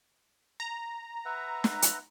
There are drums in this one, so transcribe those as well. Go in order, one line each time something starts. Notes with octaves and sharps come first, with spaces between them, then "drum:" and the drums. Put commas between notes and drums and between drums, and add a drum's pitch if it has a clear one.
A#5
B4 E5 F#5
drum: snare
drum: hi-hat